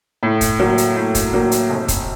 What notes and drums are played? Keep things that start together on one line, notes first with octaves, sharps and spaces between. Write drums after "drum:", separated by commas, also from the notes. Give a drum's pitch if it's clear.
A2
drum: kick, hi-hat
F#3 A#3
drum: hi-hat
A2
drum: kick, hi-hat
F#3 A#3
drum: hi-hat
F1
drum: kick, hi-hat